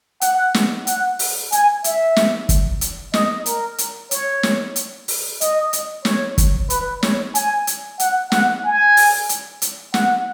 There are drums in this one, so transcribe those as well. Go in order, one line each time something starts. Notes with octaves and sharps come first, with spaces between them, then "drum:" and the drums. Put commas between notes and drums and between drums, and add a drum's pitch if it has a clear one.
F#5, drum: hi-hat
drum: snare
F#5, drum: hi-hat
drum: open hi-hat
G#5, drum: hi-hat
E5, drum: hi-hat
drum: snare
drum: kick, hi-hat
drum: hi-hat
D#5, drum: snare
A#4, drum: hi-hat
drum: hi-hat
C#5, drum: hi-hat
drum: snare
drum: hi-hat
drum: open hi-hat
D#5, drum: hi-hat
drum: hi-hat
C#5, drum: snare
drum: kick, hi-hat
B4, drum: hi-hat
C#5, drum: snare
G#5, drum: hi-hat
drum: hi-hat
F#5, drum: hi-hat
F#5, drum: snare
G#5
drum: open hi-hat
drum: hi-hat
drum: hi-hat
F#5, drum: snare